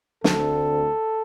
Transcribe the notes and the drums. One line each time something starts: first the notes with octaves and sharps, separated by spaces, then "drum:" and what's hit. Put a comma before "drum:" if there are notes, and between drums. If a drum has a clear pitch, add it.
D2 D3 A3 C4 A4, drum: snare